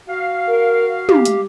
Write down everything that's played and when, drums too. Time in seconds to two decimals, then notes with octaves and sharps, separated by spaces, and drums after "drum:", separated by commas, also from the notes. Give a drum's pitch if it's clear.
0.08 F#4 F5
0.47 A#4
1.09 G4, drum: tom
1.25 drum: hi-hat